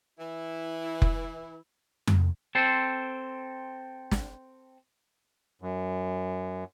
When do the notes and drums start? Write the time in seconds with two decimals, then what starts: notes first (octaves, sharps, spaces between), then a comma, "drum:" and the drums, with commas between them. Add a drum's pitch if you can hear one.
0.19 E3 E4
1.02 drum: kick F1
2.07 drum: tom F2
2.55 C4 A4 C5
4.11 drum: snare
5.62 F#2